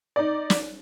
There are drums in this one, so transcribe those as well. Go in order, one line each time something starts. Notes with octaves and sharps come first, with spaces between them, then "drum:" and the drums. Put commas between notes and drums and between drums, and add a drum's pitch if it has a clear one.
D#4 D5
drum: snare